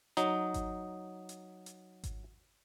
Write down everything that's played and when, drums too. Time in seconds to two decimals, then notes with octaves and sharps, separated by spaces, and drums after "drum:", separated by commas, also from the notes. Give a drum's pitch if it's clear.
0.17 F#3 D#4, drum: hi-hat
0.54 drum: kick G#1, hi-hat
1.29 drum: hi-hat
1.66 drum: hi-hat
2.04 drum: kick G#1, hi-hat